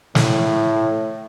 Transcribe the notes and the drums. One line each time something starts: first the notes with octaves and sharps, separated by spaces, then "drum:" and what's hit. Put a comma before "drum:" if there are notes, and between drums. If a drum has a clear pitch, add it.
A2, drum: snare